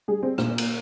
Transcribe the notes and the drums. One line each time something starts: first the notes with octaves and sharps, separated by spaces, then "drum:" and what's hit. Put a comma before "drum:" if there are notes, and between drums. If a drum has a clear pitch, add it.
G3 G#4
C4
A#2 A#3, drum: rim click
drum: cymbal